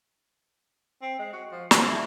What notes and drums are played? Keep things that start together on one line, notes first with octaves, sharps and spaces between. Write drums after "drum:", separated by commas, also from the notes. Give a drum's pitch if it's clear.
C4
G#3
F#4
F3
C5, drum: snare
E4